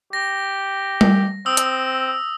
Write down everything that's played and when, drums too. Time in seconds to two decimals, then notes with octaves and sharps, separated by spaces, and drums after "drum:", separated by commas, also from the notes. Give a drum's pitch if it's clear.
0.13 G4 A#6
1.01 drum: tom G3
1.46 C4 D#6 E6
1.57 drum: hi-hat